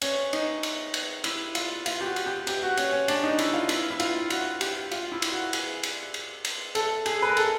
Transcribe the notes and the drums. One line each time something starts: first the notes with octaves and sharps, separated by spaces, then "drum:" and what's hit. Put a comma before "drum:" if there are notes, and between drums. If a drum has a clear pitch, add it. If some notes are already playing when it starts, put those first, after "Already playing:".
C#4, drum: cymbal
D#4, drum: cymbal
drum: cymbal
drum: cymbal
E4, drum: cymbal
F4, drum: cymbal
F4, drum: cymbal
G4
F#4
drum: cymbal
G4
G4, drum: cymbal
F#4
C#4, drum: cymbal
C#4
D4, drum: cymbal
D#4
E4, drum: cymbal
F4
E4, drum: cymbal
E4
F4, drum: cymbal
F#4, drum: cymbal
G4, drum: cymbal
F4, drum: cymbal
E4
drum: cymbal
F#4
G#4, drum: cymbal
drum: cymbal
drum: cymbal
drum: cymbal
A4, drum: cymbal
G#4, drum: cymbal
B4
A#4
A4, drum: cymbal